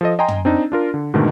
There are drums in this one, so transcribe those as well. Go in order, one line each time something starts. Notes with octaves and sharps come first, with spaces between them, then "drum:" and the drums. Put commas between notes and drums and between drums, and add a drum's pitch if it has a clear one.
F3 A4 D#5
D#5 G5 G#5 A#5 C6
drum: tom
C4 D4 D#4
D4 F4 A#4
D3
G#2 B2 D3 D#3 A3